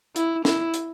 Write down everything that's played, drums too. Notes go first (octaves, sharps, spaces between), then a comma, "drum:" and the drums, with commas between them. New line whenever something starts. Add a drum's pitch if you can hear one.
E4, drum: hi-hat
E4, drum: snare
drum: hi-hat